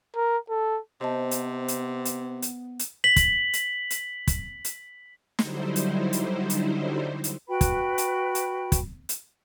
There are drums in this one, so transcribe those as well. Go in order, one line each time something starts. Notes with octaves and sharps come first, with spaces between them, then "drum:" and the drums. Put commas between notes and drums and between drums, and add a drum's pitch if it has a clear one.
A#4
A4
C3 B3 C5 D#5 A5
drum: hi-hat
drum: hi-hat
drum: hi-hat
drum: hi-hat
drum: hi-hat
B6 F#7
drum: kick, hi-hat
drum: hi-hat
drum: hi-hat
drum: kick, hi-hat
drum: hi-hat
D3 F#3 G3 D#4 E4 C5, drum: snare
drum: hi-hat
drum: hi-hat
drum: hi-hat
drum: hi-hat
F#4 B4 G5 B5
drum: kick, hi-hat
drum: hi-hat
drum: hi-hat
drum: kick, hi-hat
drum: hi-hat